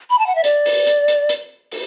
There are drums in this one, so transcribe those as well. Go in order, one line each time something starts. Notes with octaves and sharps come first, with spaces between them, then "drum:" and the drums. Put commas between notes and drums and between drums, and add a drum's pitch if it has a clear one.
B5
A5
F#5
E5
D5, drum: hi-hat
drum: open hi-hat
drum: hi-hat
drum: hi-hat
drum: hi-hat
drum: open hi-hat